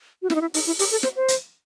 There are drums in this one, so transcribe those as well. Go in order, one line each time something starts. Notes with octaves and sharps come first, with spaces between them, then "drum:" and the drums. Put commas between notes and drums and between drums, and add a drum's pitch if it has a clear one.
F#4
E4, drum: snare
D#4
E4
D#4, drum: open hi-hat
E4
G4, drum: open hi-hat
A4
C5, drum: snare
C5
drum: hi-hat